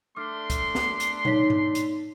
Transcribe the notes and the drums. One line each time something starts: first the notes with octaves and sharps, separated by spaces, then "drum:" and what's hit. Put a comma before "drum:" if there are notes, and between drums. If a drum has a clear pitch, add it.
A3 D4 C6 D6 F6
drum: kick, hi-hat
drum: snare
drum: hi-hat
D#4 C#5 B6, drum: tom A#2
drum: tom G#2
drum: hi-hat